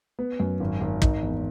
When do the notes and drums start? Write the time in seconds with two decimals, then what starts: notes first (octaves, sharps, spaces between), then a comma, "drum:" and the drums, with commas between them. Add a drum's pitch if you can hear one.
0.19 B3
0.40 F#2
0.60 G#1
0.81 G#1
1.02 D#4, drum: kick
1.23 E2